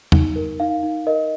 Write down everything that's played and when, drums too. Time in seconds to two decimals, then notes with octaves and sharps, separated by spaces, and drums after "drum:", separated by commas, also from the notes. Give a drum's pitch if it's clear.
0.12 D#4, drum: tom
0.36 A#4
0.60 D#4 F5
0.83 D#4
1.07 A#4 D#5